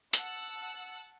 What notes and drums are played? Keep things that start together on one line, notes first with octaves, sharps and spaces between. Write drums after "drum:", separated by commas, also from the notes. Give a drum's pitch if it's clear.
F#5 A5 E6 F#6, drum: hi-hat